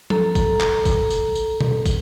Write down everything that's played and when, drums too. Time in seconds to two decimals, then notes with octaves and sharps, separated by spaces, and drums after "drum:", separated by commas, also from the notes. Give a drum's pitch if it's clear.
0.10 A4 A#5, drum: tom F3
0.35 drum: kick, tambourine
0.60 drum: clap
0.85 drum: kick, tambourine
1.10 drum: tambourine
1.35 drum: tambourine
1.61 drum: tom B2
1.86 drum: kick, tambourine